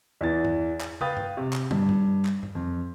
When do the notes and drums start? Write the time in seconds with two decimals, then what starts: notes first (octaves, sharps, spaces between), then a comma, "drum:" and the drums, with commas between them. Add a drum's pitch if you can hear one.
0.21 E2 E3 A6
0.45 drum: tom G2
0.81 drum: clap
1.01 B4 F5 G5 D#6 A6, drum: tom
1.17 drum: tom G2
1.37 C3
1.53 drum: clap
1.71 G2, drum: tom
1.89 drum: tom G2
2.25 drum: clap
2.43 drum: tom G2
2.55 F2